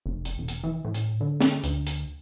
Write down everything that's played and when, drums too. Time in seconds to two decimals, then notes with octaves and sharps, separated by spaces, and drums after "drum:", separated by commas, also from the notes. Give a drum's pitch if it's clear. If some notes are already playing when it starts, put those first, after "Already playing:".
0.06 F1
0.25 drum: hi-hat
0.38 E1
0.48 drum: hi-hat
0.64 E3
0.85 A2
0.94 drum: hi-hat
1.21 D3
1.41 drum: snare
1.64 D2, drum: hi-hat
1.87 drum: hi-hat